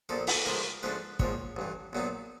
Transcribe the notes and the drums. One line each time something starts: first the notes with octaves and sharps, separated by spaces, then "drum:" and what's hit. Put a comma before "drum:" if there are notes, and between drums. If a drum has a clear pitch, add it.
A#1 A#2 F3 A4
A4, drum: open hi-hat
A2 F3 G#3 A#4
G#2 F3 A3 D4 B4
A#1 G#2 F3 C#5, drum: kick
A1 G2 E3
A#1 A#2 F#3 B3 D#4